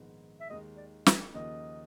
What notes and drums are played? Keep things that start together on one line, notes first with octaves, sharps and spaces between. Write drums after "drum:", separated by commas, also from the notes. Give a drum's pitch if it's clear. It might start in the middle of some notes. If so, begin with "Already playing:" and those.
Already playing: A#1 G#2 D#3 G#3 B3
E5
D#2 D#3 G#3 D#5
D5
E5, drum: snare
D#2 C#3 F3 A#3 D#4 D#5